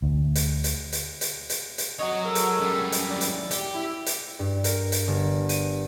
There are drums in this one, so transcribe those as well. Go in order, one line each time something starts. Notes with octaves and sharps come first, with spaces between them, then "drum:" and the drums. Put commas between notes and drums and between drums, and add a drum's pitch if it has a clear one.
D2
drum: hi-hat
drum: hi-hat
drum: hi-hat
drum: hi-hat
drum: hi-hat
drum: hi-hat
F2 F#3 F#4 C#5 D#5
G#3 A4 A#4
drum: hi-hat
F#2 G3
drum: hi-hat
D#2 E4 D5
drum: hi-hat
G4, drum: hi-hat
E4
drum: hi-hat
G2
A#4, drum: hi-hat
drum: hi-hat
G1
D#7, drum: hi-hat